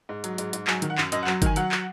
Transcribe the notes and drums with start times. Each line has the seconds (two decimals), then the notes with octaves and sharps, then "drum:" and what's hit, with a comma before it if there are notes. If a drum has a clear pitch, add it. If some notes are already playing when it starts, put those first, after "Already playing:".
0.09 G#2
0.24 F#3, drum: hi-hat
0.38 G#2, drum: hi-hat
0.53 G#2, drum: hi-hat
0.67 F#3 G#5, drum: clap
0.82 D#3, drum: hi-hat
0.90 F#5
0.98 F#2, drum: clap
1.12 F#2 D#5, drum: hi-hat
1.23 F#5
1.27 F#3, drum: clap
1.42 D#3 G#5, drum: kick G1, hi-hat
1.56 F#3 F#5, drum: hi-hat
1.72 drum: clap